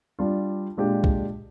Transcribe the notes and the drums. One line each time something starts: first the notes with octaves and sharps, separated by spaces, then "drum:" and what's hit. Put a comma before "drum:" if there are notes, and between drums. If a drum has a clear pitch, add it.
G3 D4 F4
A#2 G#3 D4 G4
drum: kick B1